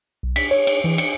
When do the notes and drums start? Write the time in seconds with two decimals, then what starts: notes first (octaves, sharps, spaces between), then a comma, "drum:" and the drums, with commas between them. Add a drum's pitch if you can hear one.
0.23 B1
0.36 B6, drum: cymbal
0.51 C#5
0.67 drum: cymbal
0.84 E3
0.98 C#7, drum: cymbal